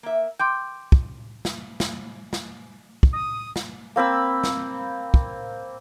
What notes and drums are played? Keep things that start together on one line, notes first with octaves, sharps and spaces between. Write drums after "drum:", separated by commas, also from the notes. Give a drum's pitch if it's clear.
A#3 E5
G5 C6 D6 G6
drum: kick
drum: snare
drum: snare
drum: snare
drum: kick
D#6
drum: snare
A#3 C4 B5 E6
drum: snare
drum: kick